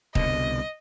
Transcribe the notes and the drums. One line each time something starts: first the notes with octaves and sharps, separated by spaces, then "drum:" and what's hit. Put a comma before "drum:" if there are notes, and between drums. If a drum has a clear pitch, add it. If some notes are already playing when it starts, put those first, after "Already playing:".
C2 B2 D3 D#5, drum: kick D#1